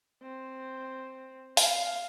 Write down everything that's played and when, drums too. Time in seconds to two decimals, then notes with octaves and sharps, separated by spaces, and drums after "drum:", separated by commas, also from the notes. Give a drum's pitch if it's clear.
0.23 C4
1.57 F5, drum: open hi-hat